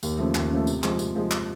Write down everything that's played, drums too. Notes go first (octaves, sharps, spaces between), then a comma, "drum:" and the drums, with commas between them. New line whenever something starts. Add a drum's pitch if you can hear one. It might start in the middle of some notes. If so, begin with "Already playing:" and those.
D#2, drum: tambourine
C#3 F3 A3
D#2, drum: clap
C#3 F3 A3
C3, drum: tambourine
F3 G#3, drum: clap
C3, drum: tambourine
F3 G#3
drum: clap